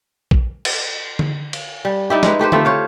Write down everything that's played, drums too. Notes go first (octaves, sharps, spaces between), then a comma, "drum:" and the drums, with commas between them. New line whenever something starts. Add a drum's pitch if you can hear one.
drum: kick
drum: cymbal
drum: tom D3
drum: cymbal
G3
D#4 E4 G4
G#3 B4, drum: snare
A3 G4 B4 C5
A3 C4 E4 F4, drum: tom D3
C5 C#5 F5